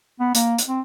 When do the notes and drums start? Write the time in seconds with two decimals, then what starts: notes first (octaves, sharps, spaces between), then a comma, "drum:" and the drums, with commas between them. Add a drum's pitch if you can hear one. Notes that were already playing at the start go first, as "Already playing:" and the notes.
0.20 B3
0.35 A#3, drum: hi-hat
0.58 drum: hi-hat
0.68 C4